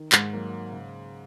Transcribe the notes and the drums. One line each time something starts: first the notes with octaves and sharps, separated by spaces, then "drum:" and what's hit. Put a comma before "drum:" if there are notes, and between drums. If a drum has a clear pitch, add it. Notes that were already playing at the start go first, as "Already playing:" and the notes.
Already playing: D#3
G#2, drum: clap
F#3 A#3
C#3